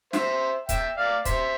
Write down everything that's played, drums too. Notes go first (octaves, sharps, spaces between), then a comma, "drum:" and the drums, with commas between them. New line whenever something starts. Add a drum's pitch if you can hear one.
C5 E5, drum: snare
E5 G5, drum: kick, hi-hat
D5 F5
C5 E5, drum: kick, hi-hat